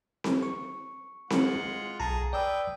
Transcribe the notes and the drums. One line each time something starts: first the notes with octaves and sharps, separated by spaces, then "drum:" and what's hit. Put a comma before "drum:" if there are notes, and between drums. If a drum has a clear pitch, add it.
drum: snare C4
C#6
G#3 F4 F#5, drum: snare C4
B1 G#4 A5 A#5
B4 D5 G5 D#6 E6